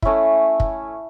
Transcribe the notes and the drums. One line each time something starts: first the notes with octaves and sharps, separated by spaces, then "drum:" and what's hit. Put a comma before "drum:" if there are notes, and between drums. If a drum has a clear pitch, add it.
A3 C#4 E4, drum: kick
drum: kick